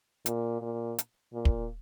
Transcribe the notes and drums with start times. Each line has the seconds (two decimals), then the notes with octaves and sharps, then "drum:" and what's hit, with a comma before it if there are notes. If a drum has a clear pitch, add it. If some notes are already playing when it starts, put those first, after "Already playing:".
0.26 A#2, drum: hi-hat
0.62 A#2
0.98 drum: hi-hat
1.33 A#2
1.45 drum: kick